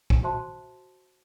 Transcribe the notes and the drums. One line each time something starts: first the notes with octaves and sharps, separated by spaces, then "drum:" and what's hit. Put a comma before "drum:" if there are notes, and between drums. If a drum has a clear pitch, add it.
drum: kick
F#4 C5 E5 A5 C6